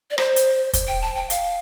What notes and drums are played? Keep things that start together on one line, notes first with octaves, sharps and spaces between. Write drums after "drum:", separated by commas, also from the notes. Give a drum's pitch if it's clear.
D5
C5, drum: rim click
drum: hi-hat
drum: kick, hi-hat
G5
A5
G5
F5, drum: hi-hat